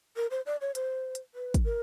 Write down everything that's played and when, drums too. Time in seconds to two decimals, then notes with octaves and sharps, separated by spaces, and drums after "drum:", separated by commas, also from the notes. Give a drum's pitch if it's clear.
0.16 A#4
0.31 C5
0.46 D5
0.61 C#5
0.75 C5, drum: hi-hat
1.15 drum: hi-hat
1.35 B4
1.54 drum: kick, hi-hat
1.65 A#4